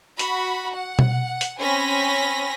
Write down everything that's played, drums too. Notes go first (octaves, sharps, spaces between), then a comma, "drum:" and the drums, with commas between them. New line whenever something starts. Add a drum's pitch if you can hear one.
F#4 B5, drum: hi-hat
F#5
drum: tom B2
drum: hi-hat
C4 C#4 G#5 B5 A#6 B6